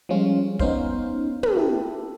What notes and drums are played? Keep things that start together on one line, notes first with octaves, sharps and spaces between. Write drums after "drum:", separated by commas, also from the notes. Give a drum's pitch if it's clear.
F3 G3 G#3 C#4 F4
B3 C#4 D#4 C5 F5, drum: kick
drum: tom
E4 G4 A4